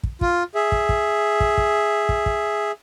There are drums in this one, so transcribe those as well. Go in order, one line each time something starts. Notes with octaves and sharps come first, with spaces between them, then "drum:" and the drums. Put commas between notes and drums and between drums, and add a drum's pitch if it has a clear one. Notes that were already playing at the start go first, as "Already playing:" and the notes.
drum: kick
F4, drum: kick
G#4 E5
drum: kick
drum: kick
drum: kick
drum: kick
drum: kick
drum: kick